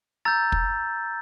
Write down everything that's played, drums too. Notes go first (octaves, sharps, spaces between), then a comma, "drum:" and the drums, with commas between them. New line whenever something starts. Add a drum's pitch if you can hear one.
A#5 E6 G6 A6
drum: kick